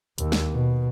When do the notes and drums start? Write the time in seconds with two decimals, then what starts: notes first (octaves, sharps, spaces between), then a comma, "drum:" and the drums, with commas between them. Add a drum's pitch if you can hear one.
0.18 D#2, drum: hi-hat
0.32 drum: snare
0.53 B2